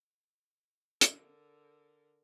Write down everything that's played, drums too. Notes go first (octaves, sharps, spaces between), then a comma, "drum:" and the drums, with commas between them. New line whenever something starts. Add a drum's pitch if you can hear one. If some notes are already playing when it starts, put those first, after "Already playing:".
D3 A#4, drum: hi-hat